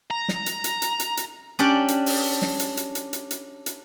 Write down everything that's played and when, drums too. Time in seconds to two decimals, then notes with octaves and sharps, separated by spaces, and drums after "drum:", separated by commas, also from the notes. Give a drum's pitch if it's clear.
0.11 A#5
0.28 drum: snare
0.46 drum: hi-hat
0.64 drum: hi-hat
0.82 drum: hi-hat
1.00 drum: hi-hat
1.17 drum: hi-hat
1.59 C#4 D4 G4 D5
1.88 drum: hi-hat
2.06 drum: open hi-hat
2.42 drum: snare
2.59 drum: hi-hat
2.77 drum: hi-hat
2.95 drum: hi-hat
3.13 drum: hi-hat
3.31 drum: hi-hat
3.66 drum: hi-hat